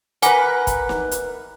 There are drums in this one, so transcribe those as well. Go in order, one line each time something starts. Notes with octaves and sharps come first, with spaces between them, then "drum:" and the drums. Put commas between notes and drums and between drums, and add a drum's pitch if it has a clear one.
A#4 B4 F#5 G#5 D6, drum: hi-hat
drum: kick, hi-hat
drum: snare
drum: hi-hat